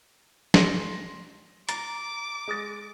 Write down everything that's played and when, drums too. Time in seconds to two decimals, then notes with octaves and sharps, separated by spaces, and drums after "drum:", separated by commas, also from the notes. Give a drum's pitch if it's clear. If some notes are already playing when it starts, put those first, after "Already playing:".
0.54 C6 A#6, drum: snare
1.69 A#5 D6 A6, drum: hi-hat
2.48 G#3 D#6 A6